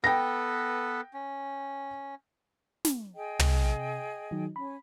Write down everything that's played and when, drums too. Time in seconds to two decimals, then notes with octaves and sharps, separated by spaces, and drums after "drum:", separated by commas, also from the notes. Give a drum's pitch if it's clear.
0.04 B3 A4 B4 G5 A#6
1.14 C#4
2.85 drum: snare
3.15 G#4 D#5 G5
3.39 C3, drum: tom
4.31 D#3 F#3 D#4
4.56 C#4 B5